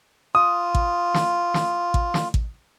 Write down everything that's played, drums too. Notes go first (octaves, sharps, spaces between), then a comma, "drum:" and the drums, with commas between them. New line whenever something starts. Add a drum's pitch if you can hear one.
F4 D#6
drum: kick A1
drum: snare
drum: snare
drum: kick A1
drum: snare
drum: kick A1